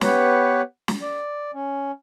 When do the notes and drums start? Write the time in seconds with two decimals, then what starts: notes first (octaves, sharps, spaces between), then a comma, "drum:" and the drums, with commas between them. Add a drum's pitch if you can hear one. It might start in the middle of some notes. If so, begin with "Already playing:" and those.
0.01 B3 G4 B4 C#5, drum: snare
0.88 drum: snare
1.02 D5
1.54 C#4